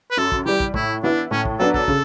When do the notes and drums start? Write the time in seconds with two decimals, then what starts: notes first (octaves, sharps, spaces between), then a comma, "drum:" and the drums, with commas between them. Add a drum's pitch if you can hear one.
0.11 B4
0.17 F#2 A4
0.32 drum: kick
0.45 E3 G3 G4
0.60 drum: kick
0.74 A2 E4, drum: kick
1.03 E3 B3 D4 E4
1.31 A2 C#4
1.45 drum: kick
1.59 F#3 B3 D4 A4
1.74 A4, drum: kick
1.88 C#3, drum: kick